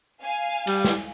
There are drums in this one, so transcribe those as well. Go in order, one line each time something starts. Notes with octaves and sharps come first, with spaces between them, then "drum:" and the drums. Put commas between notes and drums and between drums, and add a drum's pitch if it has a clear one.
F5 G#5
G3, drum: cymbal
drum: snare